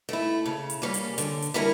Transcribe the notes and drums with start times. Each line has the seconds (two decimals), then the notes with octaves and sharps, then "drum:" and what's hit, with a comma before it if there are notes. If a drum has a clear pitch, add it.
0.09 A3 E4
0.46 C#3
0.70 drum: hi-hat
0.82 G3 A#3 C#4
0.94 drum: hi-hat
1.18 D3, drum: hi-hat
1.42 drum: hi-hat
1.54 G3 C#4 E4 A#4